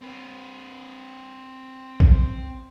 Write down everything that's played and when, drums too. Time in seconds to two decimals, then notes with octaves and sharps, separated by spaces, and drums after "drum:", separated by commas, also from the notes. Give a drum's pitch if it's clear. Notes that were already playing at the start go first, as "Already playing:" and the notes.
0.01 C4 B4
2.00 drum: kick